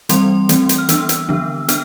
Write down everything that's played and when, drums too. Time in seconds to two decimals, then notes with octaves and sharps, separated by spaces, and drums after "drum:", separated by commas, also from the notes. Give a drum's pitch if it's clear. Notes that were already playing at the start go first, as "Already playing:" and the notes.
0.09 E3 G3 C4 C6, drum: hi-hat
0.49 E3 A3 C4, drum: hi-hat
0.69 drum: hi-hat
0.78 F6
0.89 E3 B3 D4 E6, drum: hi-hat
1.09 drum: hi-hat
1.29 D3 F3 B3 D4
1.68 B3 D4 F6, drum: hi-hat